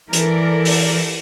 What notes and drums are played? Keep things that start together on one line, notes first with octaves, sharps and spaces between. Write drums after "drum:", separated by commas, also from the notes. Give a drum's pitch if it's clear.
E3 A4 A#4 D5, drum: hi-hat
drum: open hi-hat